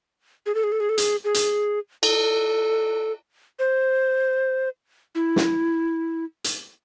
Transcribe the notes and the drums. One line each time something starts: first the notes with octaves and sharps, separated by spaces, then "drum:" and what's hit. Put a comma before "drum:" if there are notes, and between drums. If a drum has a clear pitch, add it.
G#4
A4
G#4
A4
G#4
A4
G#4, drum: hi-hat
G#4
drum: hi-hat
A4, drum: cymbal
C5
E4
drum: snare
drum: hi-hat